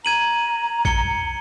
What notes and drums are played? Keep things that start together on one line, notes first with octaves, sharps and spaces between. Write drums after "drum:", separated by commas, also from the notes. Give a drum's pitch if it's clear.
A#5 G#6 D#7 F#7
G#6 C#7 G7, drum: kick